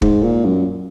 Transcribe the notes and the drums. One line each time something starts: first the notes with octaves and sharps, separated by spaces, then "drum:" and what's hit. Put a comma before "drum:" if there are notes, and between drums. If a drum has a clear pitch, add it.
G#2, drum: kick
A#2
F#2